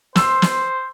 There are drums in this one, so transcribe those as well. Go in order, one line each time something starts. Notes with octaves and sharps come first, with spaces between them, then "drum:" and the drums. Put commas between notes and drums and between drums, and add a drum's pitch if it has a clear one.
C5 C6 E6, drum: snare
drum: snare